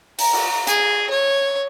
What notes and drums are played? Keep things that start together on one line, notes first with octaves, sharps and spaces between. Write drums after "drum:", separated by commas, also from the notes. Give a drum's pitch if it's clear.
A#5, drum: open hi-hat
drum: cymbal
G#4, drum: hi-hat
C#5